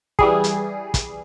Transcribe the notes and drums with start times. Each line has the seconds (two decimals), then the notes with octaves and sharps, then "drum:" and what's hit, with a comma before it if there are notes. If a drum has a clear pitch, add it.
0.19 E3 G3 G#4, drum: kick
0.44 drum: hi-hat
0.94 drum: kick, hi-hat